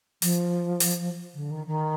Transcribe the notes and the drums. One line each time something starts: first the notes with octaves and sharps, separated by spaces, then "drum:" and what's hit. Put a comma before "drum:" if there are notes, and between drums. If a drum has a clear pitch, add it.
F3, drum: open hi-hat
drum: open hi-hat
D3
D#3
D#3